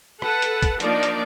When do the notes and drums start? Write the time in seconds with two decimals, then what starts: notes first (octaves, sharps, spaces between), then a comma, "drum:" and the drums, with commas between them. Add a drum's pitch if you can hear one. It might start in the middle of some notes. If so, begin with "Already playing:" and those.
0.22 A4 B4 F#5 A5, drum: rim click
0.42 drum: hi-hat
0.63 drum: kick, hi-hat
0.80 F3 A#3 D4 D#4 D5, drum: hi-hat
1.03 drum: hi-hat